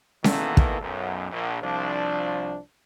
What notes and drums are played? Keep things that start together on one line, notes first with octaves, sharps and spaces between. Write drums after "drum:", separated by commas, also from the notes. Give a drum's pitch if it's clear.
B2 D#3 E3 A#3 B3 A4, drum: snare C#4
drum: kick
B1 F#2
A#1
C2 F3 D4